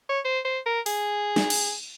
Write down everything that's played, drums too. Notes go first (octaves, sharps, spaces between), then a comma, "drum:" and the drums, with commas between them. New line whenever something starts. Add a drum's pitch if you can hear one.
C#5
C5
C5
A#4
G#4, drum: open hi-hat
drum: snare
drum: cymbal